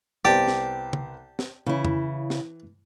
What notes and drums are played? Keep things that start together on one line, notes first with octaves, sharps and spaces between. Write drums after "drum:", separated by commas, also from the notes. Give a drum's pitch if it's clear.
C2 B3 G4 C5 D5 G5 A5
drum: snare
drum: tom
drum: snare
C#3 E3 E4
drum: tom F2
drum: snare